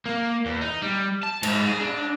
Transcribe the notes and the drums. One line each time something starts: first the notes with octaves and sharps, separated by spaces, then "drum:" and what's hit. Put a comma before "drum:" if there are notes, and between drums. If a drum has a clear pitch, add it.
A#3
E2
D#4
G3
A5
G#2, drum: cymbal
G#4
D4